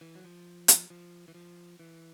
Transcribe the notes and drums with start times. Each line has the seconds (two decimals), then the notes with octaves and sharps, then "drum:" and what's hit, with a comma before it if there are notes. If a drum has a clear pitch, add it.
0.01 E3
0.15 F#3
0.24 F3
0.68 drum: hi-hat
0.90 F3
1.28 E3
1.35 F3
1.79 E3